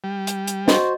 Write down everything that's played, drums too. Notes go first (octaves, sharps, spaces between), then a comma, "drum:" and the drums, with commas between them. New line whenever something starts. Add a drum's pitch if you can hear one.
G3
drum: hi-hat
drum: hi-hat
F#4 C5 D#5, drum: snare